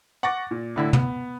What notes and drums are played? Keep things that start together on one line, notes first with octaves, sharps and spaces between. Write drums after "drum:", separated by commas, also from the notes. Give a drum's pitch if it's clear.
F#5 C#6 D6 A6 A#6
A#2
A2 D3 E4
B3, drum: tom